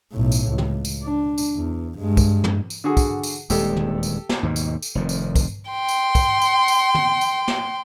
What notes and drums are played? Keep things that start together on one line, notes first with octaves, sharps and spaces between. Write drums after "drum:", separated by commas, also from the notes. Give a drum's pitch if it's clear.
B1 A2
drum: tambourine
C#2
drum: tom
drum: tambourine
D4
drum: tambourine
E2
G2 G#3
drum: kick, tambourine
drum: tom
drum: tambourine
D3 F#4 G#4
drum: kick, tambourine
drum: tambourine
D#1 E2 G#3 G4 A4, drum: tambourine
drum: tom
drum: tambourine
drum: snare
D#2 G#2 B2
drum: tambourine
drum: tambourine
F1 F2 D#3
drum: tambourine
drum: kick, tambourine
G5 C6
drum: tambourine
drum: kick, tambourine
drum: tambourine
drum: tambourine
drum: tom
drum: tambourine
drum: snare